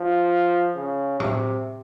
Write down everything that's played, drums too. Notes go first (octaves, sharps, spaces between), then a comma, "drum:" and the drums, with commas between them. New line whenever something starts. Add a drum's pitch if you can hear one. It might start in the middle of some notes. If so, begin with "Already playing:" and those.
Already playing: F3
C#3
C3, drum: tom A2